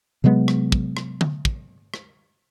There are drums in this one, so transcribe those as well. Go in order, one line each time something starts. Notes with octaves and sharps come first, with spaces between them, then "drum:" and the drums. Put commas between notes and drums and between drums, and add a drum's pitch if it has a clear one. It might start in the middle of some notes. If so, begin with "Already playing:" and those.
C3 F#3 G#3 B3
drum: rim click
drum: kick
drum: rim click
drum: tom
drum: kick
drum: rim click